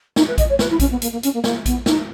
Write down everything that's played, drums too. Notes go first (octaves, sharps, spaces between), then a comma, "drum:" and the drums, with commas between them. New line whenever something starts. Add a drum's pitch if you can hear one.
D#4, drum: snare
B4
D#5, drum: kick A#1, hi-hat
C#5
B4, drum: snare
E4
C#4, drum: kick A#1, hi-hat
B3
A#3, drum: hi-hat
A#3
C#4, drum: hi-hat
A#3
A#3, drum: snare
B3, drum: kick A#1, hi-hat
D#4, drum: snare